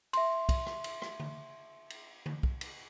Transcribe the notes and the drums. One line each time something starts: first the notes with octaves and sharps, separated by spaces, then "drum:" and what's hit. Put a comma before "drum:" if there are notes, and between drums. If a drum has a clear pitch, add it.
E5 C6, drum: cymbal
drum: kick, cymbal
drum: rim click
drum: cymbal
drum: rim click
drum: tom D3
drum: cymbal
drum: tom D3
drum: kick
drum: cymbal